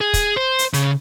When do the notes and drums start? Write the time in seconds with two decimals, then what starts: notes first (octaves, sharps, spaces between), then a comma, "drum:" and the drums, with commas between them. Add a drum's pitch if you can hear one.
0.01 G#4
0.14 drum: kick, hi-hat
0.36 C5
0.59 drum: hi-hat
0.74 C#3, drum: hi-hat